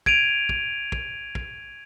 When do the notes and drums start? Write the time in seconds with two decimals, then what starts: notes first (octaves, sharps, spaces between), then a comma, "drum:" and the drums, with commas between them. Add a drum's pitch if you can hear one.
0.06 G#6 D7 D#7 F7, drum: kick
0.49 drum: kick
0.92 drum: kick
1.35 drum: kick